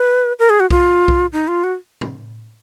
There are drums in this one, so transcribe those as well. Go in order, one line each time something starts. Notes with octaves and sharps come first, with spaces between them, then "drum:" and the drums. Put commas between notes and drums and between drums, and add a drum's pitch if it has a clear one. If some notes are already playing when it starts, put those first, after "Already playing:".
Already playing: B4
A#4
G#4
F#4
F4, drum: kick B1
drum: kick B1
D#4
F4
F#4
drum: tom